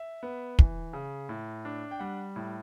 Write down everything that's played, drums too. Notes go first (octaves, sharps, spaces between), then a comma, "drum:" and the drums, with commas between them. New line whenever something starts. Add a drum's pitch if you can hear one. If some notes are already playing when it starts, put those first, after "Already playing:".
Already playing: E5
B3
E3, drum: kick
C#3
A2
D4
G5
G3 F#5
A2